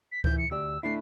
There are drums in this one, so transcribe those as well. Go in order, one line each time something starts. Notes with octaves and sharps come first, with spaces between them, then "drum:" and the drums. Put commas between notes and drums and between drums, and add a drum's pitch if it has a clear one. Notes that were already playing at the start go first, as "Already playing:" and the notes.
B6
E3 E4 G6, drum: kick C#2
C#7
D2 G4 D5 E6
A3 D4 E4 C7